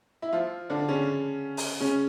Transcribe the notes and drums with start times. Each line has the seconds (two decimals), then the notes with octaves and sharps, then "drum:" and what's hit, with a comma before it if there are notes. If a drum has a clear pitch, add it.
0.22 E4
0.32 F3 F4
0.70 D3 D4
0.88 C#3 C#4
1.57 drum: open hi-hat
1.80 C#3 C#4